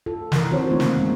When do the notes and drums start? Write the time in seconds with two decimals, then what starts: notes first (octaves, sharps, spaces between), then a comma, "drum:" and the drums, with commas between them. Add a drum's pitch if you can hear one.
0.06 F4 A4
0.32 D#3 E3 A#4, drum: snare
0.51 D#3 C4 F#4 C5 C#5
0.70 A3 A#3 C4 D#4 F4 A#4
0.80 drum: snare
0.97 D#3 G#3 B3